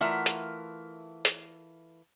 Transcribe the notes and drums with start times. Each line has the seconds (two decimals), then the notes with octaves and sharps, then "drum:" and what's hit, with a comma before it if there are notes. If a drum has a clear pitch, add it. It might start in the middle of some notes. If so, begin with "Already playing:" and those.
0.01 E3 A3 F4 A#4 E5 F#5
0.26 drum: hi-hat
1.25 drum: hi-hat